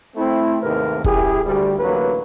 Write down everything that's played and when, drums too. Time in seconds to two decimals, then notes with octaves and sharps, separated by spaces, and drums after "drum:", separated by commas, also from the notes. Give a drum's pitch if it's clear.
0.16 A3 C4 E4
0.62 D#2 G#2 C3 A3 A#4 B4
1.04 F#2 E4 G4 G#4, drum: kick
1.45 D2 G3
1.78 A1 D2 F#3 A#3 B4